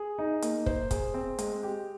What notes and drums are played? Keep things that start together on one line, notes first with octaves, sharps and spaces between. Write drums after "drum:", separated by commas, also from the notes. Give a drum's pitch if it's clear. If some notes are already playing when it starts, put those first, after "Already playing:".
Already playing: G#4
D#4
A#3, drum: hi-hat
C5, drum: kick
G#4, drum: kick, hi-hat
C4
G#3, drum: hi-hat
G4